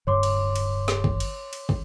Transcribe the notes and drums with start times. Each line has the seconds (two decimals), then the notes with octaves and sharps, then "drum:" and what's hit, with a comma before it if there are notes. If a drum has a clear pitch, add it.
0.07 D1 G2 F#3 C#5 C6 D6
0.23 drum: cymbal
0.56 drum: cymbal
0.88 drum: snare
1.04 drum: kick
1.20 drum: cymbal
1.53 drum: cymbal
1.69 drum: kick